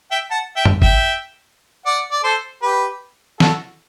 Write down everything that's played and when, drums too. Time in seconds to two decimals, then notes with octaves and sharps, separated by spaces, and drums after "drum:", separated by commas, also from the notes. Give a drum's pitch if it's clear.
0.11 E5 G5
0.31 F#5 A5
0.56 E5 G5
0.65 drum: tom F#2
0.82 E5 G5, drum: kick G1
1.86 D5 F#5
2.12 D5
2.24 A4 C5
2.63 G4 B4
3.40 F#4 A4, drum: snare